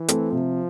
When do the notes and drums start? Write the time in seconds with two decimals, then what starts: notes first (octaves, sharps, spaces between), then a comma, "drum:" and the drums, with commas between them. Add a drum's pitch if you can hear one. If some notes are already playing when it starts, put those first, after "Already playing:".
Already playing: E3
0.08 A3 C4, drum: hi-hat
0.32 C3 F3